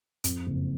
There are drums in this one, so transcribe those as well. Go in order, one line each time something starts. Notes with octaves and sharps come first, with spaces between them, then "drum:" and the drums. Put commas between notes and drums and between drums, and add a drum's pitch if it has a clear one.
F2, drum: hi-hat
F#1